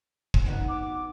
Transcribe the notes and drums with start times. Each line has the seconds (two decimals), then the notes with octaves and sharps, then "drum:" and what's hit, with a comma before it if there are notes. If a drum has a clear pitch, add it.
0.34 drum: kick
0.46 B3 D#4 F#4
0.69 D6